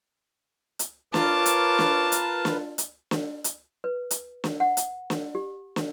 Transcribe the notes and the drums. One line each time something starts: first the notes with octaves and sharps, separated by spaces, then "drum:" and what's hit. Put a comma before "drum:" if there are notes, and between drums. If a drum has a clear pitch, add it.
drum: hi-hat
F4 A#4 B4 C#5 A5 D6, drum: snare
drum: hi-hat
drum: snare
drum: hi-hat
drum: snare
drum: hi-hat
drum: snare
drum: hi-hat
B4
drum: hi-hat
drum: snare
F#5
drum: hi-hat
drum: snare
G4
drum: snare